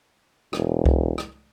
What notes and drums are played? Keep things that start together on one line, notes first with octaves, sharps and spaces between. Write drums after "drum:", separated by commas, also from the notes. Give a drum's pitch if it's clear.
E1, drum: rim click
drum: kick C2
drum: rim click